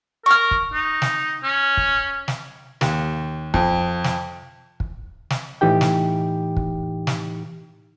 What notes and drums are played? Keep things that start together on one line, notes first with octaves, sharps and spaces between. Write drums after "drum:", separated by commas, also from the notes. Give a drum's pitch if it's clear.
A#4 C#6 F6
drum: kick
D#4
drum: snare
C#4
drum: kick
drum: snare
D#2, drum: snare
F2, drum: kick
drum: snare
drum: kick
drum: snare
A2 E3 D#4 G4 G5
drum: snare
drum: kick
drum: snare